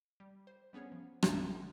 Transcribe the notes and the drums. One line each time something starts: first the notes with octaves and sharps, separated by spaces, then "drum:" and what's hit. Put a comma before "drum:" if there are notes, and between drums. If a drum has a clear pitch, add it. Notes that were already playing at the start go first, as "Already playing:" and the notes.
G3
C5
G3 B3 C#4 G#4 C#5
F3
A1 F2 F3 G#5 E7, drum: rim click
D3